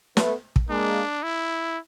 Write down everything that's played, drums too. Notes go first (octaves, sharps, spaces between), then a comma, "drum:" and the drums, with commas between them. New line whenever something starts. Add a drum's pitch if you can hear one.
A3 B3, drum: snare
drum: kick
G#3 A#3 D4
E4